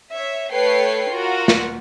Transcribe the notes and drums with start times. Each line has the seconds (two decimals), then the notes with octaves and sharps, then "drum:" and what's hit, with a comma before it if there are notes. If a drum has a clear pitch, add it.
0.12 C#5 E5
0.52 A3 A4 B4 C#5 G5 C7
1.10 F4 F#4 A#4
1.48 drum: snare